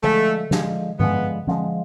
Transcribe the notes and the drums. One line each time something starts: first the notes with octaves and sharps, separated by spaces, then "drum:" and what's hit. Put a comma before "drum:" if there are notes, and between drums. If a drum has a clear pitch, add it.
D3 F3 G#3 A3
D3 F3 G#3, drum: snare
D3 F3 G#3 B3, drum: tom G2
D3 F3 G#3, drum: tom